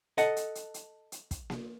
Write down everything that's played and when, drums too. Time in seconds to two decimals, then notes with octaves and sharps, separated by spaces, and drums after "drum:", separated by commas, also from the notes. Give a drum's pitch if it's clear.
0.18 A4 D#5 F#5, drum: hi-hat
0.36 drum: hi-hat
0.55 drum: hi-hat
0.74 drum: hi-hat
1.12 drum: hi-hat
1.31 drum: kick, hi-hat
1.50 drum: snare A#3